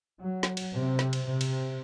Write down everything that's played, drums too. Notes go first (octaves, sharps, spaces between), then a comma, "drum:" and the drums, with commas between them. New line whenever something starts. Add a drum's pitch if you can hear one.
F#3
drum: snare
drum: cymbal
C3
drum: snare
drum: cymbal
C3
drum: cymbal